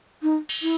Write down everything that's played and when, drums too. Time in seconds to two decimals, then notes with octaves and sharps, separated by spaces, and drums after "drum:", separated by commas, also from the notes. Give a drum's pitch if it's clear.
0.22 D#4
0.49 drum: cymbal
0.62 E4